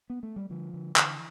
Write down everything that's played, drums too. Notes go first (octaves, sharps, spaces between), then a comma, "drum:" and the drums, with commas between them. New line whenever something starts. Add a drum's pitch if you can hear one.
B3
A3
G3
D3 F3
D3
D3 E3, drum: clap